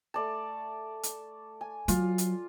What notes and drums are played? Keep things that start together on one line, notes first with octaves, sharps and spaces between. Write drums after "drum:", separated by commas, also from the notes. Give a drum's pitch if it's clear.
A3 D5 A5
drum: hi-hat
G#5
F#3 F4, drum: hi-hat
drum: hi-hat